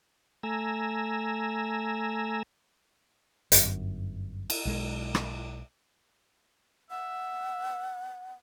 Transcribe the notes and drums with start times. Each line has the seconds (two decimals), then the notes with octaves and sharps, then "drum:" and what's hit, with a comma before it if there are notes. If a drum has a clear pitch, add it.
0.43 A3 G#5 A#5 E6
3.52 G1 F#2, drum: hi-hat
4.50 drum: cymbal
4.65 B1 G#3
5.15 drum: rim click
6.90 E5 F#5